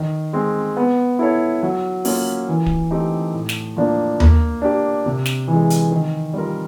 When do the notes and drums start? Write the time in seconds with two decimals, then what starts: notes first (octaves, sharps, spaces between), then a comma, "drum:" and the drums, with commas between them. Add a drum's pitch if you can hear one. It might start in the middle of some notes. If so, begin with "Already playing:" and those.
Already playing: D#3
0.33 G#3 C4
0.77 B3
1.19 E4 A4 C#5
1.63 F#3
2.05 A#3 C#4 F4, drum: open hi-hat
2.48 E3
2.66 drum: kick D1
2.91 A3 C4 D#4 G4
3.33 A2
3.49 drum: snare
3.77 F3 A#3 D4
4.20 A#3, drum: tom D#2
4.62 D4 G4
5.06 C3
5.26 drum: snare
5.48 E3
5.53 G#3
5.70 drum: hi-hat
5.92 D#3
6.33 G3 C4 F4 A#4